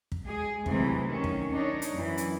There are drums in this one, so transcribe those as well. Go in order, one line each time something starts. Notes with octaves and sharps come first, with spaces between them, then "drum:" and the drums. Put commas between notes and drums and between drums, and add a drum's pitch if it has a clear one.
drum: kick
G#3 G#4
C3 E3 F#3 G#3 A3 C4, drum: kick
D#3 F#3 C#4
drum: kick
D4 D#4 C#5
drum: hi-hat
F#2 E3
drum: hi-hat